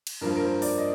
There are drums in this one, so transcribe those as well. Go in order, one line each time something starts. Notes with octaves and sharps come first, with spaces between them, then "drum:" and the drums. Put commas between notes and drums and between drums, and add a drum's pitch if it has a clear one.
drum: cymbal
G2 F3 A#3 F4 A#4
A#4
C5
D5, drum: open hi-hat
D#5